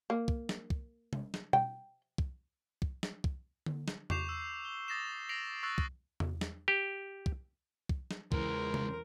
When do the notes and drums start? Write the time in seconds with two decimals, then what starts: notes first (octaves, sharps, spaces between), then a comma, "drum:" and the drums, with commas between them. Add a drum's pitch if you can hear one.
0.10 A#3
0.28 drum: kick
0.49 drum: snare
0.70 drum: kick
1.13 drum: tom C3
1.34 drum: snare
1.53 G5, drum: tom B2
2.18 drum: kick
2.82 drum: kick
3.03 drum: snare
3.24 drum: kick
3.66 drum: tom D3
3.88 drum: snare
4.10 C#6 D6 G6 C7 E7 F7, drum: tom E2
4.29 E6
4.65 G7
4.88 D#6 A6 A#6 C7 E7
5.29 A#6 C7 D7 F7 F#7
5.63 C#6 E6 F#6 A6 C7 F7
5.78 drum: kick
6.20 drum: tom E2
6.41 drum: snare
6.68 G4
7.26 drum: kick
7.89 drum: kick
8.11 drum: snare
8.32 E2 C#3 E3 G#3 A#4 C5, drum: kick
8.74 drum: tom C3